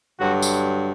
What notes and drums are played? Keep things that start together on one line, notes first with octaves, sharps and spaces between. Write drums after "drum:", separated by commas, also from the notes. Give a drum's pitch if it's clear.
G2 D3 F#3 F#4
drum: tambourine